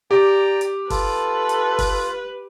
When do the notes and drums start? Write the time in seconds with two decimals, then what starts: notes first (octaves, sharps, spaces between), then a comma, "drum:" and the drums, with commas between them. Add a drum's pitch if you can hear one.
0.11 G4 D5 G5 A#5 D6
0.61 drum: hi-hat
0.90 F4 A4 B4, drum: kick, open hi-hat
1.49 drum: hi-hat
1.79 drum: kick, open hi-hat